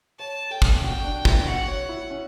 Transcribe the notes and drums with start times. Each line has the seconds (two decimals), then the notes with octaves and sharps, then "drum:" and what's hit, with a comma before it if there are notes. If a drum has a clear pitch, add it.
0.19 C#5 A5
0.51 A4 G5
0.62 drum: kick
0.83 F#4 G5
1.04 D4
1.25 E4, drum: kick
1.46 F#4 F#5
1.68 C#5
1.89 E4
2.11 C#4